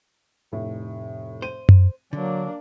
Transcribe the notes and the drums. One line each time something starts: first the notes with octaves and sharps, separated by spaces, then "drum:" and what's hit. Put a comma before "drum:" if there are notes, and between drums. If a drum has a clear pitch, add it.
F1 A2
C5 D#7
drum: tom F#2
D3 F#3 A#3 D4